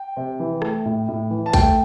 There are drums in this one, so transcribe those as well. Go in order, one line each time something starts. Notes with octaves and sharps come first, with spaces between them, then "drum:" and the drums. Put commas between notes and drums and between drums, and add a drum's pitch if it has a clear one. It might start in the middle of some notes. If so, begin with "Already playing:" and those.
Already playing: G5
C3
E3
A3, drum: rim click
A2
A2
E3
A5
A3 G5, drum: kick A#1, hi-hat